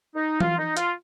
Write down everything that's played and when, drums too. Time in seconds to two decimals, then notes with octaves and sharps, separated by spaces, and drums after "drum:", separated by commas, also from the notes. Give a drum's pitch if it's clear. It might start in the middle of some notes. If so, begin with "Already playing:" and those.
0.16 D#4
0.40 F4, drum: tom E3
0.58 D#4
0.77 F4, drum: hi-hat